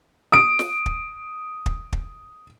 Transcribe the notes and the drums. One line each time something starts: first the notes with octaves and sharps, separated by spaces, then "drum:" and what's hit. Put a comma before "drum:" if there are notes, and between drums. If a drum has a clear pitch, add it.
D#6 D7
drum: snare
drum: kick
drum: kick
drum: kick